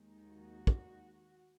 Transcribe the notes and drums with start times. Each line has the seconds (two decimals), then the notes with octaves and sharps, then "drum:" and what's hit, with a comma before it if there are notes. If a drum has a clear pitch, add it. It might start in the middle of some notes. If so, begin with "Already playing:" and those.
Already playing: D#2 D#3 G#3 D#4
0.29 F#4
0.67 drum: kick